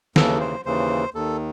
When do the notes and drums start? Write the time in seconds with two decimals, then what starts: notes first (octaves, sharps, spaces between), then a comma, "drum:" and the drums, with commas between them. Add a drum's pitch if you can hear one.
0.16 D#2 C#3 E3 A4, drum: snare
0.40 C5
0.65 D#2 C#3 E3 C5
1.14 D#2 D#3 A4